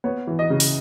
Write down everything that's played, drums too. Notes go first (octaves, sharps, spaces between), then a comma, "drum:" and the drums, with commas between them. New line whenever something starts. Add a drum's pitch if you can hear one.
B3 C#5
E3
D#5
C#3
drum: open hi-hat